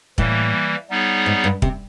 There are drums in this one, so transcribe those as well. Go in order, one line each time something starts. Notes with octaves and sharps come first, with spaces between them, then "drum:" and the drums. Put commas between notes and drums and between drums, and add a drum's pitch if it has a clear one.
A2 E3 G3 A#3, drum: kick
G3 B3 D#4 G#4 C#5
G#2
G2
C3, drum: kick